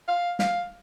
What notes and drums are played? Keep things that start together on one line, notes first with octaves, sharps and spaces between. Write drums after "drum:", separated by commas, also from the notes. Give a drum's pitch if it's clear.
F5
F5, drum: snare